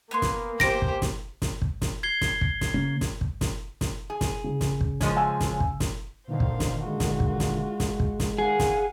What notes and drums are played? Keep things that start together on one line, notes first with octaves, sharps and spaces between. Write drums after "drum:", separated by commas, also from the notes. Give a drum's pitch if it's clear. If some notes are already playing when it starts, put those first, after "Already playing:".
A#3 B3 G#5 C6
drum: snare
G4 C5 A#6 D7, drum: snare
drum: kick
drum: snare
drum: snare
drum: kick
drum: snare
G#6 C7 G7
drum: snare
drum: kick
drum: snare
C#3 A#3 C#4
drum: snare
drum: kick
drum: snare
drum: snare
G#4
drum: snare
C#3
drum: snare
drum: kick
F3 G#3 C#4, drum: snare
F5 G#5 E6
drum: snare
drum: kick
drum: snare
A#2 D3 D#3 C5 F5
drum: kick
drum: snare
G#3 F4 F#4
drum: snare
drum: kick
drum: snare
drum: snare
drum: kick
drum: snare
D#3 G#4 F5 F#5
drum: snare